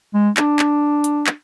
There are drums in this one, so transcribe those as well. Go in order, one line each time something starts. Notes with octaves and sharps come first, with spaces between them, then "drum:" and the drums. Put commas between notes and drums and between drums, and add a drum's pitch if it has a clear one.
G#3
D4, drum: clap
drum: clap
drum: hi-hat
drum: clap